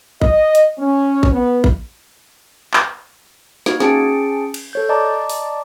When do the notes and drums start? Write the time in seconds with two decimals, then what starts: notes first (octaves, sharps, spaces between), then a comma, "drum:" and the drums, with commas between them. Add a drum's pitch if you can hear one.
0.22 D#5, drum: kick A#1
0.55 drum: hi-hat
0.77 C#4
1.23 drum: kick A#1
1.32 B3
1.64 drum: kick A#1
2.74 drum: clap
3.66 A#3 D#4 F#4 G#6, drum: snare
3.80 C#4 G#4 G5 A5 C#7 D7, drum: snare
4.54 drum: cymbal
4.73 A4 C#5 G6
4.89 D5 D#5 A5 A#5 D6
5.29 drum: open hi-hat